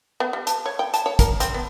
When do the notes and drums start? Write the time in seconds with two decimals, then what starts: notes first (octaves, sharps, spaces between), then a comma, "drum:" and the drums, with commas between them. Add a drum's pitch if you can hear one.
0.20 B3
0.33 G3
0.47 A5, drum: hi-hat
0.66 C#5
0.79 G5
0.94 A5, drum: hi-hat
1.06 C#5
1.19 A#4, drum: kick, hi-hat
1.40 C4, drum: hi-hat
1.54 B3